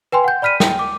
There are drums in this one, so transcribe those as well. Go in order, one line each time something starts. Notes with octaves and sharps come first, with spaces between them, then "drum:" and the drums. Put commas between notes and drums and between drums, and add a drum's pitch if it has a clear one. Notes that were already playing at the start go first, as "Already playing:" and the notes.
B4 G5 G#5 C6
F#5 G6
D5 B5 F6 B6 D#7
G5, drum: snare
D6